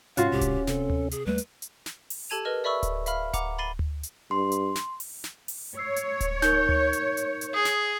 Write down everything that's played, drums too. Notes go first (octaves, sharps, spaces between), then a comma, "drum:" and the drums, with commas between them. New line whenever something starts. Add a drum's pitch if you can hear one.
G#2 C3 C#4 F4 F#4 F5, drum: hi-hat
C2 G#2 C3 G4
drum: kick D1, hi-hat
C3 A4, drum: snare
drum: tom D2
G#4, drum: hi-hat
D#2 G3 A3 B4
drum: hi-hat
drum: hi-hat
drum: snare
drum: open hi-hat
G4 A4 A5 G#6 D#7 F7
A#4 B4 D#5 F6
D5 E5 B5 C#6 E6
drum: kick D1, hi-hat
E5 F5 B5 F6, drum: hi-hat
F#5 A#5 D6, drum: kick D1, hi-hat
B5 A6 C7 D#7 G7
drum: tom D2
drum: hi-hat
G2 C6
drum: hi-hat
drum: snare
drum: open hi-hat
drum: snare
drum: open hi-hat
C#5 E6 C7
drum: hi-hat
drum: kick D1, hi-hat
D#4 A#4 G6, drum: snare
drum: tom D2
drum: hi-hat
drum: hi-hat
drum: hi-hat
G#4 D#6
drum: snare